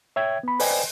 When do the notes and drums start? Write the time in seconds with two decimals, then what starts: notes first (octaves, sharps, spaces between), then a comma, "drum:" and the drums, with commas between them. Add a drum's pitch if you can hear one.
0.16 C#5 E5 G5 G#6
0.43 B3 B5
0.60 B4 C5 D5 D#5 G5 G#5, drum: open hi-hat